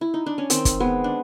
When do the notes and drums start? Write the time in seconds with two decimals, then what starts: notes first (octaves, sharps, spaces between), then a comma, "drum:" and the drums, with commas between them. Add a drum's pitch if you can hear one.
0.01 E4
0.14 D#4
0.26 D4
0.38 C#4
0.50 D#3 C4, drum: hi-hat
0.65 drum: kick, hi-hat
0.80 G#3 B3
1.04 D4